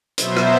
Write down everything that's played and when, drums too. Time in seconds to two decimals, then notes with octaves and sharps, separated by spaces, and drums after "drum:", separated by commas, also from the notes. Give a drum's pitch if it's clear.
0.18 B2 F#3 B3 C5 E5, drum: hi-hat
0.36 drum: rim click